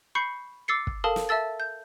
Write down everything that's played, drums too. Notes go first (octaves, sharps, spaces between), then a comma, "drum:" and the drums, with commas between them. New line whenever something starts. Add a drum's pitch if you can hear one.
B5 C#6 G6 C7 C#7
D6 E6 A6 C7 C#7
drum: kick
A4 A#4 F5 A5 D#6
drum: snare
E5 A5 E6 A6
G6